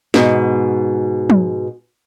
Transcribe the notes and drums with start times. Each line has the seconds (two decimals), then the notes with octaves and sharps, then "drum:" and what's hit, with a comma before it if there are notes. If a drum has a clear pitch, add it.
0.14 G#2 B2, drum: snare
1.30 drum: tom F3